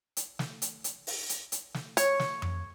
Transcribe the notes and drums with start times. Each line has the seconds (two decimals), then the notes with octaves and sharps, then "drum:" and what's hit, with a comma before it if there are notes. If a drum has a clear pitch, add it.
0.17 drum: hi-hat
0.39 drum: snare
0.62 drum: hi-hat
0.84 drum: hi-hat
1.07 drum: open hi-hat
1.29 drum: hi-hat
1.52 drum: hi-hat
1.74 drum: snare
1.97 C#5, drum: hi-hat
2.20 drum: snare
2.42 drum: tom F2